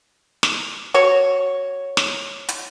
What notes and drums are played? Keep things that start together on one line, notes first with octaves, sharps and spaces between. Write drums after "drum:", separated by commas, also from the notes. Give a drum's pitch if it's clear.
drum: snare
F#4 C#5
drum: snare
drum: hi-hat